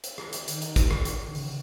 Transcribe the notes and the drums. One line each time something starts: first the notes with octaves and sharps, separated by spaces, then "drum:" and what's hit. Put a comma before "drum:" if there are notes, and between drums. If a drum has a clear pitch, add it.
drum: hi-hat
drum: rim click
drum: hi-hat
D#3, drum: hi-hat
drum: hi-hat
drum: kick, hi-hat
drum: rim click
drum: hi-hat
D#3
C#3, drum: open hi-hat